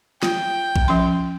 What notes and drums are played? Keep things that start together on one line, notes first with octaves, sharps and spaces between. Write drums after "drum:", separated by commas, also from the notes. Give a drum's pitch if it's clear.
F4 G5, drum: snare
drum: kick A#1
F3 C#4 C6